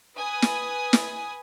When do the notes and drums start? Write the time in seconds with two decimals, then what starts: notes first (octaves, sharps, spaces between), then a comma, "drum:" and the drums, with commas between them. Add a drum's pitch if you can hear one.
0.17 B4 G#5 D#6
0.42 drum: snare
0.93 drum: snare